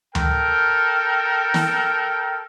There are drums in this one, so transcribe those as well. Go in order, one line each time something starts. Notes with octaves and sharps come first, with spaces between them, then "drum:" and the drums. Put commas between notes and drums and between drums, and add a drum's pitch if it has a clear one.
A4 A#4 G5, drum: tom D2
drum: snare